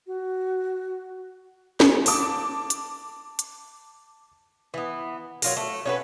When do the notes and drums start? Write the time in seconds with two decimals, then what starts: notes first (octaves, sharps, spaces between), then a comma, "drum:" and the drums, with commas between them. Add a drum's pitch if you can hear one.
0.07 F#4
1.80 drum: snare
2.06 A5 D6, drum: open hi-hat
2.70 drum: hi-hat
3.39 drum: hi-hat
4.74 E3 B3
5.42 F#3 F4 A#4, drum: open hi-hat
5.57 A3
5.86 C#4 F#4 B4